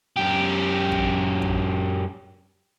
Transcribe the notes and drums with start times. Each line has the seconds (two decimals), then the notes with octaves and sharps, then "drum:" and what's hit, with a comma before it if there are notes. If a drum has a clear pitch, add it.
0.16 F#2 G4
0.92 drum: kick
1.42 drum: kick